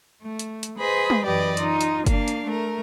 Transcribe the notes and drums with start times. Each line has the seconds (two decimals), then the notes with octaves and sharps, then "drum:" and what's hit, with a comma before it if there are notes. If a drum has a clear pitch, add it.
0.22 A3
0.39 drum: hi-hat
0.63 drum: hi-hat
0.78 G#4 B4 C5 D#5 B5
1.10 drum: tom G3
1.25 F#2 E3 G4 B4 D5 D#5
1.57 D#4 F4, drum: hi-hat
1.81 drum: hi-hat
2.06 A#3 D4 F5, drum: kick F#1, hi-hat
2.28 drum: hi-hat
2.46 A3 A#4